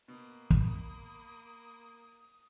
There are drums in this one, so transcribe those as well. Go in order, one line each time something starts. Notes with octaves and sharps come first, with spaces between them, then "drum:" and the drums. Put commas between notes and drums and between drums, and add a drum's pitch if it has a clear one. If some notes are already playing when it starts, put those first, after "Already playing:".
B2 A#3 B5 D#6
drum: kick